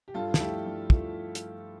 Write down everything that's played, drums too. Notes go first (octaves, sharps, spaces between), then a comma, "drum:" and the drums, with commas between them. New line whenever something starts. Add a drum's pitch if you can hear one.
G4
G2 F4 A4
A4, drum: snare
F3 A3 E4 G4
G2
F3 A3, drum: kick
drum: hi-hat